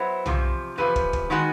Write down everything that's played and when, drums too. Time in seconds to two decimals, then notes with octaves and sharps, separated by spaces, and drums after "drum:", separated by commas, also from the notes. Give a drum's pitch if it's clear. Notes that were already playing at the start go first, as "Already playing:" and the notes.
Already playing: F#3 B3 E4 C5
0.26 E2 C3 F3, drum: tom
0.78 E2 C3 F3 B4
0.96 drum: kick
1.13 drum: kick
1.30 D#3 G#3 B3 D#4 F#4